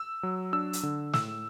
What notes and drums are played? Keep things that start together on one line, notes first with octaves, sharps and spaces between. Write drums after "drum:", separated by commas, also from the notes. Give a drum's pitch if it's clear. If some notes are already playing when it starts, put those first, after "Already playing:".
Already playing: E6
F#3
D4 E6
drum: hi-hat
D3
A2 E6, drum: snare